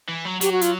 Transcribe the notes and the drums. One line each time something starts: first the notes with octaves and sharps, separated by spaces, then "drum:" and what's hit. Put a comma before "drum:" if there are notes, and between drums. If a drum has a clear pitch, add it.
E3
F#3
F#3 G4, drum: hi-hat
F#4
F4, drum: hi-hat